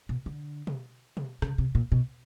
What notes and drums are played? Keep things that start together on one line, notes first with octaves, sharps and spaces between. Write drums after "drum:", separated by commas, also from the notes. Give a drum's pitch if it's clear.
B2
D3
drum: tom B2
drum: tom B2
C#3, drum: rim click
C3
A#2
B2